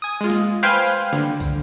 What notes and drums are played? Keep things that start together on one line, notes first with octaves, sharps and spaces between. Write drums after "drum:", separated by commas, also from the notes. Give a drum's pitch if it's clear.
G#5 D#6
G#3 F4
drum: snare
B4 C5 F5 G5 G#5 C6
drum: tambourine
D3, drum: snare
drum: kick, tambourine